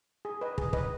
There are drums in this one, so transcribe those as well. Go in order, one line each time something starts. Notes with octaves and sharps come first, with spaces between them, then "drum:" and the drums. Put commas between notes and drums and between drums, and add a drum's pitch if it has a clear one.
G#4
B4 D#5
G#4, drum: kick
B4 D#5, drum: kick